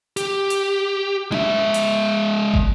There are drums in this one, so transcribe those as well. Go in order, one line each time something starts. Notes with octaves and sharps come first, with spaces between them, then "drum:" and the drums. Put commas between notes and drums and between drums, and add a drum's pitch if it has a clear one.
G4, drum: hi-hat
drum: hi-hat
G#3 E5, drum: tom C#4
drum: hi-hat
drum: kick